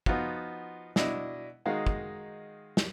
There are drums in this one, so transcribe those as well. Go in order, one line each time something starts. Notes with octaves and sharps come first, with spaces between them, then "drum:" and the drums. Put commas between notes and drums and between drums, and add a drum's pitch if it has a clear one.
F3 B3 D#4 F4 F#4, drum: kick
B2 D4 E4 D#5, drum: snare
D#3 G#3 D#4 F#4 F5
drum: kick
drum: snare